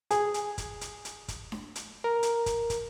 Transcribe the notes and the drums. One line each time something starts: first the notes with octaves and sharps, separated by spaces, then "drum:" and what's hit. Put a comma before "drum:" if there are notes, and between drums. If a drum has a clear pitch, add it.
G#4, drum: hi-hat
drum: hi-hat
drum: kick, hi-hat
drum: hi-hat
drum: hi-hat
drum: kick, hi-hat
drum: snare D4
drum: hi-hat
A#4
drum: hi-hat
drum: kick, hi-hat
drum: kick, hi-hat